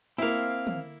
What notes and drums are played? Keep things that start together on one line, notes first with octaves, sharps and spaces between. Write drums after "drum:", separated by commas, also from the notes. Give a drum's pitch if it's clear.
A#3 C4 E4 F5
drum: tom